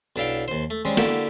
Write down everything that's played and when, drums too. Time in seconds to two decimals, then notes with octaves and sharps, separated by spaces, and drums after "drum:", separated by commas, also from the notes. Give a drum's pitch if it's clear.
0.16 B1 D4 E4 F5 G5
0.48 D#2 C5
0.70 A3
0.85 G3 G#3 C4 C#4
0.97 D3 A#3 E4 F#4 G4 A4, drum: snare